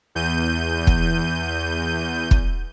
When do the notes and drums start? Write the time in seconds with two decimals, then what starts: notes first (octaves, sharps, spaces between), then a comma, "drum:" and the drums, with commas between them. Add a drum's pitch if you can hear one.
0.15 E2 G6 D#7
0.87 drum: kick
2.31 drum: kick